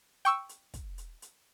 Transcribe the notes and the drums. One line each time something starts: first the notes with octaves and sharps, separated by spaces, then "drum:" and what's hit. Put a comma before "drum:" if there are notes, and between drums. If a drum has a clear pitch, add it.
G5 C#6 E6, drum: hi-hat
drum: hi-hat
drum: kick, hi-hat
drum: hi-hat
drum: hi-hat